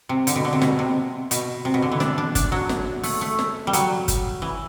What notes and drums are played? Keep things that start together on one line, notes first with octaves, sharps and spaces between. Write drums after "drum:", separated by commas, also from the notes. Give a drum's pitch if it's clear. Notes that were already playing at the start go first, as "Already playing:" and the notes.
C3
D3, drum: hi-hat
B2
D3
C3
B2, drum: snare
C3
B2, drum: hi-hat
C3
B2
D3
E3
D4, drum: snare
D4
D4, drum: kick, hi-hat
F#3
drum: snare
A3, drum: open hi-hat
A3
drum: snare
G3
F#3, drum: hi-hat
drum: kick, hi-hat
E3